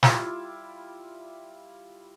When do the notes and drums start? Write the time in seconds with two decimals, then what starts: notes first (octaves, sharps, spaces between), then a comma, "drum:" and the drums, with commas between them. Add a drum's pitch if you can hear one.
0.03 G3 E4 F4 D6, drum: snare